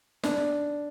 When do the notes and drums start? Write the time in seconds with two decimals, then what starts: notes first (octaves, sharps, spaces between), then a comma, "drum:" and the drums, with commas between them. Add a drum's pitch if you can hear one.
0.23 D4, drum: snare